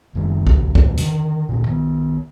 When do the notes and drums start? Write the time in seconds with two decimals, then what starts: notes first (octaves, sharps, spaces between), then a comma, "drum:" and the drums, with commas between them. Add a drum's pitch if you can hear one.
0.15 F#1 D#3
0.47 A1 D2, drum: kick
0.75 D#2 A2, drum: kick
0.97 D3 D#3, drum: hi-hat
1.49 D2 A#2
1.67 D#3 B3